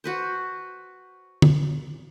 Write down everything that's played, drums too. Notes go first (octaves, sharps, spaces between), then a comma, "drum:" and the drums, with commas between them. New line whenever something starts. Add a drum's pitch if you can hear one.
F#4 B4 C5
drum: tom